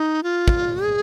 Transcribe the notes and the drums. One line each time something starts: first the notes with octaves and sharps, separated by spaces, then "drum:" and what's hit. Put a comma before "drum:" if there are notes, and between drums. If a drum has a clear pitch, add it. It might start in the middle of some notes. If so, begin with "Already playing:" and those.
Already playing: D#4
F4
drum: kick
G#4